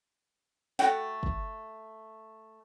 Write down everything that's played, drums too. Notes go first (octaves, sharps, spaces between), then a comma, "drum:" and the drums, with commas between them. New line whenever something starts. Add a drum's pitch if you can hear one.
A3 F#4 F#5 G5, drum: snare
drum: kick